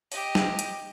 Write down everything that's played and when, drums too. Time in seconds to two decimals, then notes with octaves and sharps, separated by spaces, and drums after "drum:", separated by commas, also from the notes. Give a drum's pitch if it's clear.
0.12 G4 D#5, drum: open hi-hat
0.35 drum: snare
0.59 drum: hi-hat